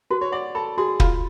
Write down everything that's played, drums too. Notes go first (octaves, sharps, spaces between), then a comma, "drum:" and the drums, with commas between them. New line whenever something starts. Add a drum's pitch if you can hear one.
F#4 B4
C#5
D5 F#5
A4 B5
F#4 G#4
F4 B5, drum: kick